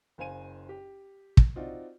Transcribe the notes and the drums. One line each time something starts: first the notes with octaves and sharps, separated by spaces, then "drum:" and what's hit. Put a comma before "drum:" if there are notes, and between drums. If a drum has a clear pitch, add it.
F#1 C5 F5 G#5 D#7
G4
drum: kick
C4 D#4 F4 F#4 D5